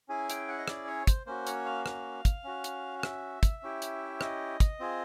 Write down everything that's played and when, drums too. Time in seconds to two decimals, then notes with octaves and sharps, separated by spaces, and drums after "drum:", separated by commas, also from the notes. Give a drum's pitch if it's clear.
0.09 C#4 E4 G#4 G#5
0.30 G5, drum: hi-hat
0.48 F#5
0.58 D#5
0.68 D5, drum: rim click
0.87 C#5
1.07 C5, drum: kick, hi-hat
1.26 A#3 C#4 F#4 C5
1.47 C#5, drum: hi-hat
1.66 F5
1.86 F5, drum: rim click
2.25 drum: kick, hi-hat
2.44 C#4 F#4
2.64 drum: hi-hat
2.99 F5
3.03 E5, drum: rim click
3.43 drum: kick, hi-hat
3.63 C#4 E4 G4
3.82 drum: hi-hat
4.21 D#5, drum: rim click
4.60 drum: kick, hi-hat
4.80 C4 F4 G#4